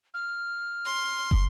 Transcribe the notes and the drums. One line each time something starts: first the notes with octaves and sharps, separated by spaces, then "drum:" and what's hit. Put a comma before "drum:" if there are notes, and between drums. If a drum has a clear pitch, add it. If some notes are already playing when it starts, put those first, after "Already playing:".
F6
C6
drum: kick